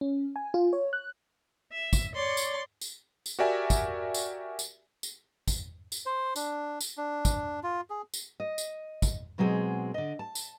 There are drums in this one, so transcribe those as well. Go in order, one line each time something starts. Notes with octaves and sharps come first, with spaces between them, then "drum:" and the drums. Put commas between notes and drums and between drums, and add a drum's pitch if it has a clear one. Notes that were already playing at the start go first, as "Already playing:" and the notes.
C#4
G#5
F4
C#5
F#6
E5
drum: kick, tambourine
C#5 D5 C6 C#6
drum: tambourine
drum: tambourine
drum: tambourine
F#4 G4 A#4 D5 E5 G#5
drum: kick, tambourine
drum: tambourine
drum: tambourine
drum: tambourine
drum: kick, tambourine
drum: tambourine
C5
D4, drum: tambourine
drum: tambourine
D4
drum: kick, tambourine
F4
G#4
drum: tambourine
D#5
drum: tambourine
drum: kick, tambourine
B2 F#3 G#3 C4 G#4
D3 D#5
A5
drum: tambourine